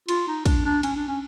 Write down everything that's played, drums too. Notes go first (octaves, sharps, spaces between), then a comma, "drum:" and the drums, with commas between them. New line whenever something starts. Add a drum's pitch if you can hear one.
F4, drum: cymbal
D#4
D4, drum: kick, cymbal
D4
C#4, drum: cymbal
D4
C#4